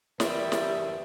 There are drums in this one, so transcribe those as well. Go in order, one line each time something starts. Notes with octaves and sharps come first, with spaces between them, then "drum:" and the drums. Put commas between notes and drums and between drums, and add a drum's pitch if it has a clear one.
E2 G3 A#3 B4 E5, drum: snare
drum: snare